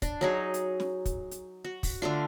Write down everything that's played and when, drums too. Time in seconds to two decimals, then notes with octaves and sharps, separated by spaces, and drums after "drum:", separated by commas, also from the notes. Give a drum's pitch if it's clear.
0.02 D4, drum: kick, hi-hat
0.21 F#3 D#4 G#4
0.54 drum: hi-hat
0.80 drum: snare
1.05 drum: kick, hi-hat
1.31 drum: hi-hat
1.65 F#4
1.83 drum: kick, open hi-hat
2.02 D3 A3 D4 F4